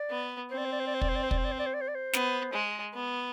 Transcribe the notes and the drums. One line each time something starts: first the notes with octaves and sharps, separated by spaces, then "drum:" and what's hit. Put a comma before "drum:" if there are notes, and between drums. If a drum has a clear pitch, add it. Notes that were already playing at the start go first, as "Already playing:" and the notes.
Already playing: D5
B3
C4 C5
D5
C5
D5
C5
D5
C5
D5, drum: kick
C5
D5
C5
D5, drum: kick
C5
D5
C5
D5
C5
D5
C5
D5
C5
B3, drum: snare
G#3
B3